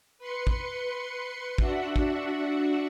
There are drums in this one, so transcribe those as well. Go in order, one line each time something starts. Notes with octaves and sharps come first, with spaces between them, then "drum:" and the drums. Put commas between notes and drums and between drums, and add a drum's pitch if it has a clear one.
B4 C6 C#7
drum: kick
D4 F#4 E5 F#5, drum: kick
drum: kick